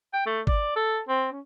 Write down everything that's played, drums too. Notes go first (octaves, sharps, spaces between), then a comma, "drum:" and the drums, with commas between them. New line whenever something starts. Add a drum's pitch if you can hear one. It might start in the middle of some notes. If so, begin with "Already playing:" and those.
G5
A3
D5, drum: kick G#1
A4
C4
C#4